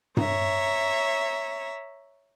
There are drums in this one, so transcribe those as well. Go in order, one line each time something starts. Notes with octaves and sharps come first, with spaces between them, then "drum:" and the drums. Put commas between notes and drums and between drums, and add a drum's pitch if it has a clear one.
C#5 E5 A#5, drum: tom G2